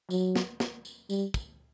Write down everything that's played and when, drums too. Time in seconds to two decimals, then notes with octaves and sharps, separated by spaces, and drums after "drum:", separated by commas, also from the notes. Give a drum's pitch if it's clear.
0.10 F#3, drum: tambourine
0.35 drum: snare
0.60 drum: snare
0.85 drum: tambourine
1.10 G3, drum: tambourine
1.34 drum: kick, tambourine